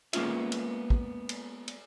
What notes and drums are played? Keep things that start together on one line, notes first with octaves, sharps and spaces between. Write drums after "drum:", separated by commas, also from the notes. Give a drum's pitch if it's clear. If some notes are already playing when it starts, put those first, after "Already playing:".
G#3 A#3 B3 C#4 F4 E5, drum: cymbal
drum: cymbal
drum: kick
drum: cymbal
drum: cymbal